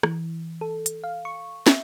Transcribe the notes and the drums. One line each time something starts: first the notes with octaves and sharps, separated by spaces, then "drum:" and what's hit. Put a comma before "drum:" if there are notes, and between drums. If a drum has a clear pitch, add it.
E3, drum: rim click
A4
drum: hi-hat
F5
C#6
E5, drum: snare